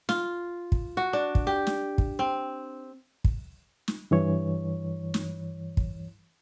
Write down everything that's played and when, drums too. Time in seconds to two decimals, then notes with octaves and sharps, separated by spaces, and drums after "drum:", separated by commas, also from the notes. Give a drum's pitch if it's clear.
0.09 F4, drum: snare
0.72 drum: kick
0.97 F#4
1.13 D4
1.35 drum: kick
1.47 G4
1.67 drum: snare
1.98 drum: kick
2.19 C4
3.24 drum: kick
3.88 drum: snare
4.11 G2 E3 C#5
5.14 drum: snare
5.77 drum: kick